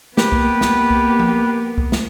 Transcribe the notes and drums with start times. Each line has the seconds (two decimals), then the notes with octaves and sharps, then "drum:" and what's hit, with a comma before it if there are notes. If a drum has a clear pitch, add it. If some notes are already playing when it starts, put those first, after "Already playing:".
0.17 A#3 B3 G4 B4, drum: snare
0.32 drum: kick C2
0.61 drum: snare
0.90 drum: kick C2
1.19 drum: tom F3
1.78 drum: kick C2
1.92 drum: snare